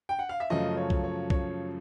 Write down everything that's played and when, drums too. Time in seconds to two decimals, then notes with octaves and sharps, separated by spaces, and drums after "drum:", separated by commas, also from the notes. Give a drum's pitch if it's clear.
0.09 G5
0.19 F#5
0.29 F5
0.40 E5
0.50 F#2 C#3 F3 A3 D#5
0.77 C#5
0.90 drum: kick B1
1.04 C#5
1.30 C#5, drum: kick B1